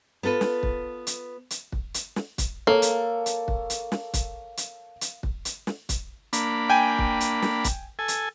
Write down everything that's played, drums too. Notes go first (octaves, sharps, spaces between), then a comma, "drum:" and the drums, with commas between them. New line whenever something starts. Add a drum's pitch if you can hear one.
B3 F4 A4 B4
drum: snare
drum: kick
drum: hi-hat
drum: hi-hat
drum: kick
drum: hi-hat
drum: snare
drum: kick, hi-hat
A#3 A4 C#5
drum: hi-hat
drum: hi-hat
drum: kick
drum: hi-hat
drum: snare
drum: kick, hi-hat
drum: hi-hat
drum: hi-hat
drum: kick
drum: hi-hat
drum: snare
drum: kick, hi-hat
A#3 D4 B5, drum: hi-hat
G5 G#5
drum: kick
drum: hi-hat
drum: snare
drum: kick, hi-hat
A4 G#5
drum: hi-hat